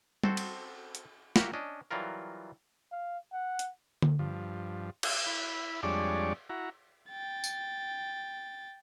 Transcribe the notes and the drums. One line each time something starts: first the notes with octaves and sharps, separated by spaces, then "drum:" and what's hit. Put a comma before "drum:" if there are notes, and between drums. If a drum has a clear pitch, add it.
C4 F#4 A4 C5, drum: tom G3
drum: cymbal
drum: hi-hat
A#3 F#4 G4 A#4 E5 F5, drum: snare
C#4 D4 D#5
E3 F#3 G3 F4 A#4
F5
F#5
drum: hi-hat
drum: tom D3
G2 F3
drum: cymbal
E4 B5
F2 G3 G#3 D4 C#5 D5
E4 F#4 A#5
G5 A6
drum: tambourine